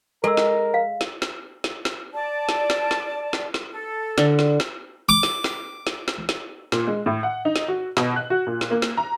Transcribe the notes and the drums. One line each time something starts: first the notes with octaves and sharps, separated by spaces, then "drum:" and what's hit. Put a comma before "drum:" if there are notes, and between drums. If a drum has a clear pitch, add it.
G#3 A4 A#4 E6
drum: snare
F5
drum: snare
drum: snare
drum: snare
drum: snare
D5 A5
drum: snare
drum: snare
drum: snare
drum: snare
drum: snare
A4
D3, drum: snare
drum: snare
drum: snare
D6
drum: snare
drum: snare
drum: snare
drum: snare
drum: snare
A#2, drum: snare
G#3
A2
F#5
D#4
drum: snare
F#4
B2, drum: snare
F#6
F#4
A#2
drum: snare
A#3
drum: snare
A#5